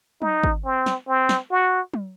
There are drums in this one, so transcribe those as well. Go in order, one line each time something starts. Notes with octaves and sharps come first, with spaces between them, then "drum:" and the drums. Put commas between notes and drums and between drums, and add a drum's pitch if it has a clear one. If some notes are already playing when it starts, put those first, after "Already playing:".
D#4, drum: tom F#3
drum: kick
C4
drum: snare
C4
drum: snare
F#4
drum: tom F#3